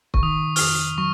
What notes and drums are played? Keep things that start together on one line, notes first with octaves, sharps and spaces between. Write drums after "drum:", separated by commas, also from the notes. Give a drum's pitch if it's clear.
C#6, drum: kick C#1
D#3 D#6
F6, drum: open hi-hat
F2 D#6
F#3 C#6